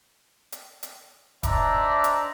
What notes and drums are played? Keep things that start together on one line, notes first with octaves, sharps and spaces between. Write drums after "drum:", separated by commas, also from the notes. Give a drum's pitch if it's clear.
drum: hi-hat
drum: hi-hat
D4 D#4 C5 D5 E5 A#5, drum: kick E1, hi-hat
drum: hi-hat